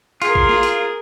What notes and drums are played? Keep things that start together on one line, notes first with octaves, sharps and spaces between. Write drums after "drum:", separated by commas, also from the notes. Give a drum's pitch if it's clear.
F4 G#4 A#4, drum: hi-hat
drum: kick
drum: snare
drum: hi-hat